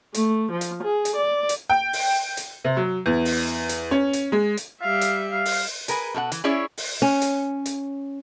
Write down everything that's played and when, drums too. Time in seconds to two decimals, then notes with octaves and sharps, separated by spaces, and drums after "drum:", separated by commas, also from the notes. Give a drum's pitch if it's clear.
0.14 A3, drum: hi-hat
0.52 F3
0.61 drum: hi-hat
0.83 G#4
1.05 drum: hi-hat
1.16 D5
1.49 drum: hi-hat
1.70 G5
1.93 drum: open hi-hat
2.37 drum: hi-hat
2.64 C3
2.77 F#3
3.06 E2
3.25 drum: open hi-hat
3.69 drum: hi-hat
3.91 C#4
4.13 drum: hi-hat
4.32 G#3
4.57 drum: hi-hat
4.81 G3 E5 F5
5.01 drum: hi-hat
5.30 F5
5.45 drum: open hi-hat
5.88 G#4 A#4 B4 G#5, drum: hi-hat
6.14 B2 A4 A#4 F#5
6.32 E3, drum: hi-hat
6.44 C#4 E4 G#4 C#5 D5 E5
6.77 drum: open hi-hat
7.02 C#4
7.22 drum: hi-hat
7.66 drum: hi-hat